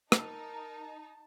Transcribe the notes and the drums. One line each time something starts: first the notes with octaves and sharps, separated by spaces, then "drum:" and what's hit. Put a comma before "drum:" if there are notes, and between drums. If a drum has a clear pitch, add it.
D#4 A#4 A5, drum: rim click